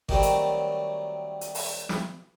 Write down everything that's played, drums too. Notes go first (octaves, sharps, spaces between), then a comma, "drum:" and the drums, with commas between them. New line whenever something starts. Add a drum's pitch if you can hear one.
D#3 F#3 G3 A3 C4, drum: kick G#1
drum: hi-hat
drum: hi-hat
drum: open hi-hat
drum: snare